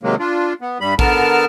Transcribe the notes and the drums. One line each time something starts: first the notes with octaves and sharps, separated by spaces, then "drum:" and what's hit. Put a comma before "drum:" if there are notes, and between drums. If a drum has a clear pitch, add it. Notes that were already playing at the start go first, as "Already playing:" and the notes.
C3 D#3 F#3 G#3 A#3
D4 F4
B3
G2 G3 B5
D3 B3 A#4 A5 F6, drum: kick A1